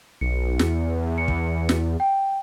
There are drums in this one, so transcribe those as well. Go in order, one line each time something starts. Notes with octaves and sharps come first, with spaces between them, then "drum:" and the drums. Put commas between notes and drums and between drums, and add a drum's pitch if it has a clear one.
B1 C#7
E2, drum: snare
C#7
drum: kick
drum: snare
G5